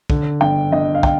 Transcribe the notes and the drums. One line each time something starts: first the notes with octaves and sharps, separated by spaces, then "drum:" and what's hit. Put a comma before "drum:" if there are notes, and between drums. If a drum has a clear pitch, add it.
D3, drum: kick
G1 G5
G1 D#5
F5
G5, drum: kick